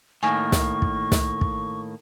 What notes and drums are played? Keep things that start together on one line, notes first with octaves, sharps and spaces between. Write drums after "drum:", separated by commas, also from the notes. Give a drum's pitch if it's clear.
A2 D#3 A#3 G#5 C#6
drum: snare
drum: kick
drum: snare
drum: kick